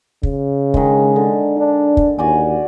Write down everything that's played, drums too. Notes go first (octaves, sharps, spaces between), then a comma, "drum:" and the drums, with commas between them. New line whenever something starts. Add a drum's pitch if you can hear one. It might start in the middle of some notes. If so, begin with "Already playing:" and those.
C#3, drum: kick
D#3 G#3, drum: kick
D3
D4
drum: kick
D#2 F#4 D5 G#5